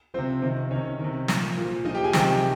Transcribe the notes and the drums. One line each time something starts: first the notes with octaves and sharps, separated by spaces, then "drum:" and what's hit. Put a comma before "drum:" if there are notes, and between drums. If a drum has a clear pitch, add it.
C3 F3 C4 C5
C3 D#3
C3 D#3 C#4 C#5
C3 D#3
A#2 F3, drum: snare
A#2 F3
A#2 F3 D#4 D#5
G4 G5
G#4 G#5
C3 D#3 G4 G5, drum: snare